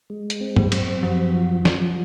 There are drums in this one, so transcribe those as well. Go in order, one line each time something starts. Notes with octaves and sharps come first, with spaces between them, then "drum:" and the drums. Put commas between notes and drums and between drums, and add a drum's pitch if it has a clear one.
G#3
drum: hi-hat
C4
F#3, drum: tom G2
C4, drum: cymbal
F#2 F3
F3
F3, drum: snare